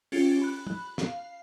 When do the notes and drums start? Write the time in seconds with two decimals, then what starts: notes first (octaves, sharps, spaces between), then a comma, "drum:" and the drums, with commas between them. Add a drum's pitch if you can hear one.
0.12 C#4 F4 G4 A6 D7, drum: open hi-hat
0.42 B5 F#6
0.67 drum: tom
0.98 F5, drum: snare